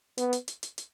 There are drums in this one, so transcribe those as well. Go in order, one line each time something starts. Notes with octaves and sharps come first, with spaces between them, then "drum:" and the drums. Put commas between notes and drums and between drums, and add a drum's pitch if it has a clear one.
B3, drum: hi-hat
drum: hi-hat
drum: hi-hat
drum: hi-hat
drum: hi-hat